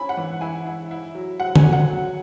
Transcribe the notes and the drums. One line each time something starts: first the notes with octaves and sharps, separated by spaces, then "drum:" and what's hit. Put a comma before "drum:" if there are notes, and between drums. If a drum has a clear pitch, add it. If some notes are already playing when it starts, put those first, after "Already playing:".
Already playing: C#4 E4 G#5 B5
F#5
E3
E4 G#5
E4
E4
F#3
F#3 F#5
G#5, drum: tom D3
F#3
F#5
F#3